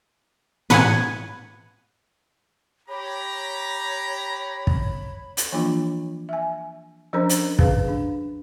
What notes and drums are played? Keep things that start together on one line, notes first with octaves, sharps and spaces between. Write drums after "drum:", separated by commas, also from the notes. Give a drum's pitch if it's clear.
B4 F#5 G#5, drum: tom
G4 C#5 A#5 B5
drum: kick
drum: hi-hat
E3 F3 A#3 D4 F4
E5 G#5
F3 C#4 D4 A#4 C5 A#5
drum: hi-hat
G#4 B4 F5, drum: kick
D4